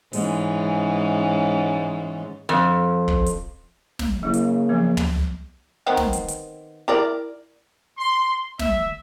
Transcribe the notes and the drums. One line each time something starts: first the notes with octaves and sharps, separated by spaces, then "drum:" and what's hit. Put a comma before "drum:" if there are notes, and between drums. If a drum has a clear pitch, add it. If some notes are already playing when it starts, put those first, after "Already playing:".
G#2 E3 C#4, drum: open hi-hat
F2
drum: kick
drum: hi-hat
drum: snare
C#3 F#3 A#3 E4
drum: hi-hat
F3 F#3 B3
drum: tom
D#3 B3 C4
drum: snare
drum: hi-hat
drum: hi-hat
E4 A#4 D5
C6
E5, drum: snare